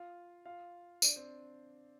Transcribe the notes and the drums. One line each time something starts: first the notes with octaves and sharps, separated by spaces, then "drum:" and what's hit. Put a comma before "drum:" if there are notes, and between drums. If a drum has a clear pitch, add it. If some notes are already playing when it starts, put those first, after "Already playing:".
Already playing: F4 F5
F4 F5
D4 D5, drum: tambourine
C4 C5